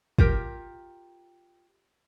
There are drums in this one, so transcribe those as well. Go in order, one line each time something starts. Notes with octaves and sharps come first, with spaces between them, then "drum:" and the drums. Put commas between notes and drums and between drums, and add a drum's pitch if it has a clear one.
F4 G4 A#4, drum: kick